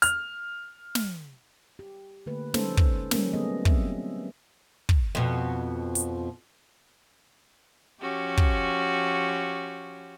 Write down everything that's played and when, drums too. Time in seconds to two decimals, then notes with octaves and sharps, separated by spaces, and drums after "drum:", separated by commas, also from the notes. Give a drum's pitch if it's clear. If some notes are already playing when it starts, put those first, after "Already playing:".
0.02 F6, drum: hi-hat
0.95 drum: snare
1.79 G4
2.26 D3 A3 A#3 B4
2.54 G#3 C#4 D#4 A4 B4 C5, drum: snare
2.77 drum: kick
3.11 G3 A#3 C#4 A#4, drum: snare
3.33 F#3 A3 B3 G#4 D#5
3.65 F#3 C4 G4 E5, drum: kick
4.89 drum: kick
5.15 F2 B2
5.95 drum: hi-hat
7.99 F3 C#4 F#4 G4
8.37 drum: kick